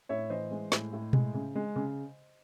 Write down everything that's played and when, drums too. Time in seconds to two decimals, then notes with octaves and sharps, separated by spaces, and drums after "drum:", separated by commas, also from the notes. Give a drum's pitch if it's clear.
0.09 A2 C#5 E5
0.30 E3 C5 D#5
0.51 G#3
0.72 A2, drum: snare
0.93 A2
1.13 G#3, drum: tom B2
1.34 C#3
1.55 G#3
1.76 C#3